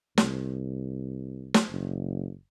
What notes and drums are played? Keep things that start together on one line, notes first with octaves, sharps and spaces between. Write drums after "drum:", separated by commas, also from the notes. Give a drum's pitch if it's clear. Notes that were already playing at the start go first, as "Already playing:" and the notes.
C2, drum: snare
drum: snare
F#1